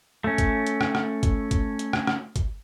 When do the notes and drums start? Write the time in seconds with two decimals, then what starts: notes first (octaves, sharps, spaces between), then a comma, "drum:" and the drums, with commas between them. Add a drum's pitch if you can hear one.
0.24 A3 C#4
0.38 drum: kick, hi-hat
0.67 drum: hi-hat
0.81 drum: rim click
0.95 drum: rim click
1.23 drum: kick, hi-hat
1.51 drum: kick, hi-hat
1.79 drum: hi-hat
1.93 drum: rim click
2.07 drum: rim click
2.36 drum: kick, hi-hat